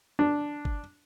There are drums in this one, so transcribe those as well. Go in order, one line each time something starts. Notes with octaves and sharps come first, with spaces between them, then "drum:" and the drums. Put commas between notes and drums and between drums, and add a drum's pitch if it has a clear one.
D4
drum: kick G1